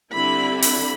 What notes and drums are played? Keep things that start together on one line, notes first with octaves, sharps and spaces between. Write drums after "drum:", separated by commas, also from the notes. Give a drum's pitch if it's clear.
D3 G3 C4 E4 B5
B5, drum: open hi-hat